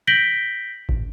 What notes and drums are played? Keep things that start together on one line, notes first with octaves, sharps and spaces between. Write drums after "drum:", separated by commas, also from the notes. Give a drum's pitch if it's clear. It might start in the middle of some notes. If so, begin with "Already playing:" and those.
G6 A#6 B6 D7 F#7 G7
drum: kick A1